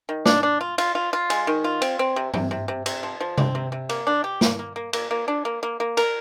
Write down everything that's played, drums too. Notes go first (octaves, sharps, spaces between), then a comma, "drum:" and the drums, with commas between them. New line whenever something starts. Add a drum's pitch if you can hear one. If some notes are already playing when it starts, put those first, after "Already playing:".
D#3
D4, drum: snare
D4
F4
F4, drum: cymbal
F4
F4
G#3, drum: cymbal
D#3
F4
C4, drum: cymbal
C4
C3
C3, drum: tom
C3
C3
C3, drum: cymbal
F3
F3
C4, drum: tom C3
C3
C3
A#3, drum: cymbal
D4
G4
A#3, drum: snare
A#3
A#3
A#3, drum: cymbal
A#3
D4
A#3
A#3
A#3
A#4, drum: cymbal